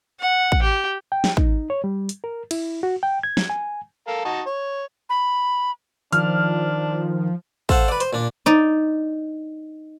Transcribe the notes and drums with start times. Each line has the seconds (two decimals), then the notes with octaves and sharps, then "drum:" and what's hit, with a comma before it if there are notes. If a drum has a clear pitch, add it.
0.20 F#5
0.52 drum: kick
0.63 G4
1.12 G5
1.24 drum: snare
1.37 D#4, drum: kick
1.70 C#5
1.84 G3
2.09 drum: hi-hat
2.24 A#4
2.51 E4, drum: cymbal
2.83 F#4
3.03 G5
3.23 G#6
3.37 drum: snare
3.50 G#5
4.08 A4 A#4 F5
4.25 D#4 F#4 A5
4.46 C#5
5.09 B5
6.13 D#3 F3 D4 F6, drum: hi-hat
7.69 A4 C5 F5 F#5, drum: kick
7.88 B4 D5
8.00 C5, drum: hi-hat
8.13 A#2 D4
8.46 D#4 D5